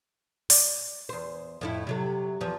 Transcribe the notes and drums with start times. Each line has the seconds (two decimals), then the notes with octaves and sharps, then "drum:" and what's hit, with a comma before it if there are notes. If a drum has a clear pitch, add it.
0.50 D5, drum: open hi-hat
1.09 E2 C5
1.61 F2 A2 E4
1.87 C3 F#3 A4
2.41 E2 F3